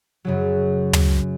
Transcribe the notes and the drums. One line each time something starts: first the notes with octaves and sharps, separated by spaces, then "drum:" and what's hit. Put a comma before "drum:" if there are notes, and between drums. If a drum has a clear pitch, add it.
F#2 C#3 F#3
drum: tom